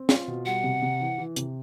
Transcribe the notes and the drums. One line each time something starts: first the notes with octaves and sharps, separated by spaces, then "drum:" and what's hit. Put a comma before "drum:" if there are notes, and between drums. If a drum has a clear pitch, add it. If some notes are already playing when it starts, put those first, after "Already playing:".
Already playing: C4
F4, drum: snare
B2
G3 F#5
C3
C3
E3
E3
C3, drum: hi-hat